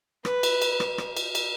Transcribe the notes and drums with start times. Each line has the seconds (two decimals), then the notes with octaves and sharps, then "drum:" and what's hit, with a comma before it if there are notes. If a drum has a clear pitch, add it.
0.25 B4, drum: rim click
0.43 drum: cymbal
0.62 drum: cymbal
0.80 drum: rim click
0.98 drum: rim click
1.17 drum: cymbal
1.35 drum: cymbal